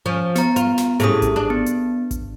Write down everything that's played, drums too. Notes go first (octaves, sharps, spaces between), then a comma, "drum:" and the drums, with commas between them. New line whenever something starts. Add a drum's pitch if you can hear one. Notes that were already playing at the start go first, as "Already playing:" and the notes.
F3 C#4
B3 A#5, drum: snare
F4, drum: hi-hat
drum: snare
A2 C3 C#4 G#4 D#6, drum: hi-hat
drum: kick G#1, hi-hat
D4
B3
drum: hi-hat
drum: kick G#1, hi-hat